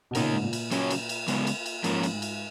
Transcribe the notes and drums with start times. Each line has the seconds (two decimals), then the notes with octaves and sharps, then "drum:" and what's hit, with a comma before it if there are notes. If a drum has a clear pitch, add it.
0.11 B2
0.15 A#2 C#3 A#3 D#4 A#4, drum: cymbal
0.33 G#2
0.44 A#2
0.53 drum: cymbal
0.71 C#3 F#3 C#4 F#4 C#5, drum: cymbal
0.90 drum: cymbal
1.09 drum: cymbal
1.28 C#3 G#3 B3, drum: cymbal
1.47 drum: cymbal
1.66 drum: cymbal
1.84 G#2 F3 A#3 C#4 F4 A#4, drum: cymbal
2.03 drum: cymbal
2.13 G#2
2.22 drum: cymbal